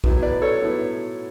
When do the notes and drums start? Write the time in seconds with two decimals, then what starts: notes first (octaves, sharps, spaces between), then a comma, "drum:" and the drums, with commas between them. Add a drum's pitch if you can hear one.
0.04 A2 F#3 B3, drum: kick
0.23 B4 D5
0.41 A4 C#5
0.61 A2 F#3 B3